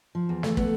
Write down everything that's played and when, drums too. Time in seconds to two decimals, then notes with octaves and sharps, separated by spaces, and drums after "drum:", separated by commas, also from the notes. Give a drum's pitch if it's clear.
0.15 F3
0.29 E2
0.43 A3, drum: snare
0.57 B3, drum: kick